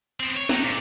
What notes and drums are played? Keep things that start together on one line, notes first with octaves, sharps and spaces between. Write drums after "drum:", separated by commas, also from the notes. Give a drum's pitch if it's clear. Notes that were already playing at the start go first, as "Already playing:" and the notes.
B3 C4
C#5
F#3 D#4, drum: snare
A#2